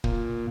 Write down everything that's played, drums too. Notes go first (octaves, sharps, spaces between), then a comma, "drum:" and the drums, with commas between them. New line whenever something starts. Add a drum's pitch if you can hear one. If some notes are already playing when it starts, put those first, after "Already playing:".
A#2, drum: kick